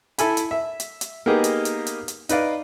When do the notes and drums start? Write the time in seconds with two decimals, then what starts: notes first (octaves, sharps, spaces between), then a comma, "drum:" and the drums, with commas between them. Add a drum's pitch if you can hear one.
0.18 E4 A4 G#5 B5, drum: hi-hat
0.37 drum: hi-hat
0.51 E5
0.80 drum: hi-hat
1.01 drum: hi-hat
1.26 A#3 B3 D#4 G4 G#4
1.44 drum: hi-hat
1.65 drum: hi-hat
1.87 drum: hi-hat
2.08 drum: hi-hat
2.29 D#4 B4 D5 F5, drum: hi-hat